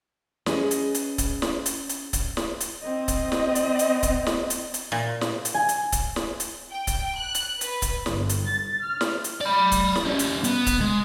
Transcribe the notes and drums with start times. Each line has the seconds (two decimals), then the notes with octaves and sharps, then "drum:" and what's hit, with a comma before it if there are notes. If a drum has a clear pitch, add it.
0.46 C#4 G#4 B4 D#5, drum: snare
0.71 drum: hi-hat
0.95 drum: hi-hat
1.18 drum: kick C#1, hi-hat
1.42 drum: snare
1.66 drum: hi-hat
1.89 drum: hi-hat
2.13 drum: kick C#1, hi-hat
2.37 drum: snare
2.61 drum: hi-hat
2.82 C4 D#5
3.08 drum: kick C#1, hi-hat
3.32 drum: snare
3.55 drum: hi-hat
3.79 drum: hi-hat
4.03 drum: kick C#1, hi-hat
4.27 drum: snare
4.50 drum: hi-hat
4.74 drum: hi-hat
4.92 A#2
5.21 drum: snare
5.45 drum: hi-hat
5.54 G#5
5.69 drum: hi-hat
5.92 drum: kick C#1, hi-hat
6.16 drum: snare
6.40 drum: hi-hat
6.71 G5
6.87 drum: kick C#1, hi-hat
7.16 F#6
7.35 drum: hi-hat
7.61 B4, drum: hi-hat
7.82 drum: kick C#1, hi-hat
8.06 G1, drum: snare
8.30 drum: hi-hat
8.45 A6
8.81 F6
9.01 drum: snare
9.24 drum: hi-hat
9.41 D5 B5
9.72 drum: kick C#1, hi-hat
9.95 drum: snare
10.05 G3 C#4
10.19 drum: hi-hat
10.44 B3, drum: hi-hat
10.67 drum: kick C#1, hi-hat
10.81 G#3